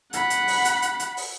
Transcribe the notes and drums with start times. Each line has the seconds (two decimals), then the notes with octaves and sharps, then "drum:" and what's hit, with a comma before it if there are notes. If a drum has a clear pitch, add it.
0.13 F#5 B5, drum: hi-hat
0.30 drum: hi-hat
0.48 drum: open hi-hat
0.65 drum: hi-hat
0.82 drum: hi-hat
1.00 drum: hi-hat
1.17 drum: open hi-hat